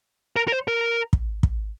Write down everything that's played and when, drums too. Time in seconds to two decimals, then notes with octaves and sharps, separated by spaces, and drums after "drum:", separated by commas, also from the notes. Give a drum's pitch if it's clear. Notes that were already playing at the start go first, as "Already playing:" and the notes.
0.36 A#4
0.48 A#4
0.52 C5
0.68 A#4
1.13 drum: kick
1.43 drum: kick